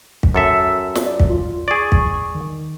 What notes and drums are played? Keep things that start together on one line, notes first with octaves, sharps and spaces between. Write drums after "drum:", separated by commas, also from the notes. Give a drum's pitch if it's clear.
drum: kick
F#2 A4 E5 E6
drum: snare
D5
drum: kick
F4
G#4 D5 C#6
drum: kick
D#3